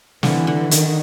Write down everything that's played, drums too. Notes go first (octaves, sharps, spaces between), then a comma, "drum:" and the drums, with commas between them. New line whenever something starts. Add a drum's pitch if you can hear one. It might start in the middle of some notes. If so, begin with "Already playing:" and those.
D3 E3, drum: snare
D3
D3 D#3, drum: hi-hat